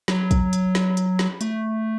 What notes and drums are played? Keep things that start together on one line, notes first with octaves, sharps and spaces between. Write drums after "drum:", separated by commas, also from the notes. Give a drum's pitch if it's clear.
F#3, drum: snare
drum: kick, hi-hat
drum: hi-hat
drum: snare
drum: hi-hat
drum: snare
A3, drum: hi-hat